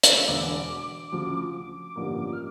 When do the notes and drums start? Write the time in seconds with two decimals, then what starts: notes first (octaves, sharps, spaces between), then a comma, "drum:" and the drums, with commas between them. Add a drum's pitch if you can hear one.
0.03 drum: hi-hat
0.18 E6
0.28 E1 E2 D3 D6
1.12 D2 C#3 F3
1.54 D6
1.96 A1 G2 D3 F3 A#3
2.33 F6